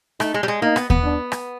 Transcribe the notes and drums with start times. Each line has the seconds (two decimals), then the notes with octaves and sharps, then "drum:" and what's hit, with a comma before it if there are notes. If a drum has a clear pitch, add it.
0.20 A3 D#4, drum: rim click
0.34 G#3
0.43 G3
0.48 G#3
0.62 A#3 D#4
0.76 B3, drum: rim click
0.90 B3, drum: kick D#2
1.04 D4
1.32 drum: rim click